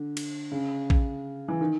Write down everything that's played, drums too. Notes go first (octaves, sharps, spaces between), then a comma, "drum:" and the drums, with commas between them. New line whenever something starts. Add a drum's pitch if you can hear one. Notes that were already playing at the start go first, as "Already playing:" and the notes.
Already playing: D3
drum: cymbal
C#3
drum: kick
E3
D#3